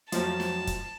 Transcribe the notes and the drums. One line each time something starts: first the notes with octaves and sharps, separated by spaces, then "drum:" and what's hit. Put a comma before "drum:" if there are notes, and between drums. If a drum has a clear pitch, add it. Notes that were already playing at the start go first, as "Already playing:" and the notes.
F2 F3 F#3 A3 A5, drum: hi-hat
drum: snare
drum: kick, hi-hat